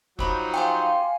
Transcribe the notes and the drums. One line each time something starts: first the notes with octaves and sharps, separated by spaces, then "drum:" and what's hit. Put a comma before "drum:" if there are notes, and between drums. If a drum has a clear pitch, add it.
F3 F#3 D#4 G4 B5 C#6, drum: kick
F4 G4 C5 F5 G5 G#5